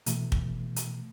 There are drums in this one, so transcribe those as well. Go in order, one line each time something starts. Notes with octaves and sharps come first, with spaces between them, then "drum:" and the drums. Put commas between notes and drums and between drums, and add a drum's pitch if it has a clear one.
B2 E3 A3, drum: hi-hat
drum: kick
drum: hi-hat